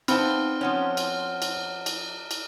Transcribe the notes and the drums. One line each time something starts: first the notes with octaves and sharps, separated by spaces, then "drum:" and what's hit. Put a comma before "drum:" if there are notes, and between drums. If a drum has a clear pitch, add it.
B3 C4 D#4 F5 A5 F6, drum: cymbal
F3 B3 C#4 C#5 F#5
drum: cymbal
drum: cymbal
drum: cymbal
drum: cymbal